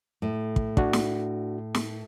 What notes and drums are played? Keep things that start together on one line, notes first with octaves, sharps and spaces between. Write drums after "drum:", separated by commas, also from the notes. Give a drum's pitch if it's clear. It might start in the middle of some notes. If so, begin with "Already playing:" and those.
A2
drum: kick
D4 F#4, drum: kick
drum: snare
drum: snare